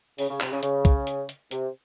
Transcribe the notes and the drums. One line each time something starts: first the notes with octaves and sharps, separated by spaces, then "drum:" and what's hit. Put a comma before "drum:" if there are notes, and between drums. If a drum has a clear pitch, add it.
C#3, drum: open hi-hat
C#3
C3, drum: clap
C#3
C#3, drum: hi-hat
drum: kick, hi-hat
drum: hi-hat
drum: hi-hat
C3, drum: hi-hat